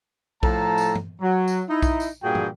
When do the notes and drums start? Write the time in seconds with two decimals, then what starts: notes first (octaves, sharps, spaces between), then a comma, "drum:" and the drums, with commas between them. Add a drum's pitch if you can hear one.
0.43 A2 F3 A4 A5 A#5, drum: kick B1
0.78 drum: tambourine
0.95 drum: tom
1.22 F#3
1.48 drum: tambourine
1.69 D#4 E4
1.82 drum: kick B1, tambourine
2.00 drum: tambourine
2.23 G2 A#2 F#4 G#4 G5
2.35 drum: tom